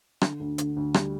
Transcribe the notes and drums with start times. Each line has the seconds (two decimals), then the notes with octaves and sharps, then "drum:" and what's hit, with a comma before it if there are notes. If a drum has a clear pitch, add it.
0.21 D3, drum: rim click
0.39 D2
0.58 D3, drum: hi-hat
0.76 D2
0.94 G3, drum: rim click